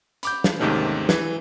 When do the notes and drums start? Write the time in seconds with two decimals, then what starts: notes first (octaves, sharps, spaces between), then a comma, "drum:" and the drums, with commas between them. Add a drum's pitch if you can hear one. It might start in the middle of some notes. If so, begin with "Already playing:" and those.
0.23 B5 D6 G6, drum: hi-hat
0.44 drum: snare
0.59 D#2 G#2 C3 D#3 A3 C#4
1.09 E3, drum: snare